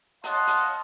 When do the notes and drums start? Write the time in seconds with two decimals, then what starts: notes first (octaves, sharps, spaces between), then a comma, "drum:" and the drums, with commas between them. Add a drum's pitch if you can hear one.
0.24 C#5 D#5 F5 F#5 A5 C6, drum: hi-hat
0.47 drum: hi-hat